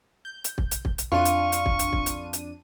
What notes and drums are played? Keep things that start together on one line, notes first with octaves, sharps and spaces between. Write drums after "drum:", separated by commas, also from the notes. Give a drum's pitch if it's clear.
G6
drum: hi-hat
drum: kick
drum: hi-hat
drum: kick
drum: hi-hat
F2 D4 F4 C#6 D#7
drum: hi-hat
drum: hi-hat
drum: kick
drum: hi-hat
drum: kick
drum: hi-hat
drum: hi-hat